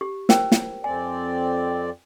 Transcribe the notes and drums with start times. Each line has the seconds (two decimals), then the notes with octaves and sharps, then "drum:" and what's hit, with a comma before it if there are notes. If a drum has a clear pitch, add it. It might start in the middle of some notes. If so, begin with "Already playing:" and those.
0.01 G4
0.29 A#4 C5 G5, drum: snare
0.52 drum: snare
0.84 F2 C4 D5 G#5